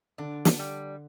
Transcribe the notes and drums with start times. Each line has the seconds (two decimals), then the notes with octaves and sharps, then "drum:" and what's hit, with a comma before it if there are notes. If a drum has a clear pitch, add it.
0.18 D3 D4
0.45 drum: snare
0.59 G3